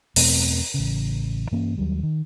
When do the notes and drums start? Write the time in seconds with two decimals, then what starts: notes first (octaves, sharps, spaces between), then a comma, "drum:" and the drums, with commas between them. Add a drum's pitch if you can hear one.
0.16 E2 B2 A3 C4, drum: open hi-hat
0.74 A1 C#3
1.52 G2 E3 A#3 C#4
1.78 D#2 F#3 G3
2.03 D#3